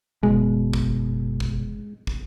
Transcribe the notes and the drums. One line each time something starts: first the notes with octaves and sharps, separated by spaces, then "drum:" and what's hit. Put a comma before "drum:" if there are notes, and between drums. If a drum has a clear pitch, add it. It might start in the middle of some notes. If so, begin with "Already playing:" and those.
F#1 B2 G#3
drum: kick
drum: kick
drum: kick